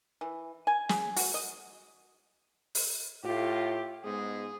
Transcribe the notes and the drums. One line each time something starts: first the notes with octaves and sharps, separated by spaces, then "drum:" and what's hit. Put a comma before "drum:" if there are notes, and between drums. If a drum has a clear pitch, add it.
E3
G#5
G#4, drum: snare
F#4, drum: open hi-hat
D#5
drum: open hi-hat
A2 F4 G4
G#2 G#3 B3 G#4